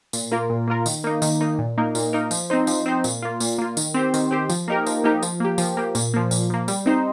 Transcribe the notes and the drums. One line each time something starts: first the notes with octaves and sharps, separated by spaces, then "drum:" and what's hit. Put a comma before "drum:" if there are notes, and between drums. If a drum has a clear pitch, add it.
A#2, drum: tambourine
A#3 F4 A#4
A#2
A#3 F4 A#4
D#3, drum: tambourine
A#3 D#4
D#3, drum: tambourine
A#3 D#4
A#2
A#3 D#4 A#4
A#2, drum: tambourine
A#3 D#4 A#4
F3, drum: tambourine
C4 D#4 C5
F3, drum: tambourine
C4 D#4 C5
A#2, drum: tambourine
A#3 F4
A#2, drum: tambourine
A#3 F4
D#3, drum: tambourine
C4 G4 C5
D#3, drum: tambourine
C4 G4 C5
F3, drum: tambourine
A#3 D#4 G4 A#4
F3, drum: tambourine
A#3 D#4 G4 A#4
F3, drum: tambourine
A#3 G4
F3, drum: tambourine
A#3 G4
A#2, drum: tambourine
F3 A#3
A#2, drum: tambourine
F3 A#3
G3, drum: tambourine
C4 D#4 C5